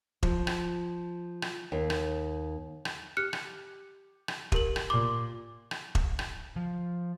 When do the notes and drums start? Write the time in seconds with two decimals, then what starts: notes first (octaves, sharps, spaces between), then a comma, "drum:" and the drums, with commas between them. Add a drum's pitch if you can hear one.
0.23 F3, drum: kick E1
0.47 drum: rim click
1.42 drum: rim click
1.72 D#2
1.90 drum: rim click
2.85 drum: rim click
3.17 G4 F6 F#6 C#7
3.33 drum: rim click
4.28 drum: rim click
4.52 G4 A#4 F#7, drum: kick E1
4.76 drum: rim click
4.90 A#2 C6 D6
5.71 drum: rim click
5.95 drum: kick E1
6.19 drum: rim click
6.56 F3